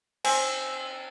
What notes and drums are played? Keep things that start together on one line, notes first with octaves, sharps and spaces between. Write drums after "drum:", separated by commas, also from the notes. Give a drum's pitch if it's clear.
C4 G#5, drum: cymbal